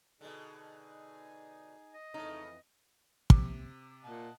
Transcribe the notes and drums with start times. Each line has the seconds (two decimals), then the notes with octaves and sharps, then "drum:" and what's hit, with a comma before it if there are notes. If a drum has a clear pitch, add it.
0.21 B2 D3 D#4 G#4
1.94 D#5
2.14 F2 C#3 E3 A3 D#4
3.30 C3 D6, drum: kick
4.05 A#2 D#5 F#5 A5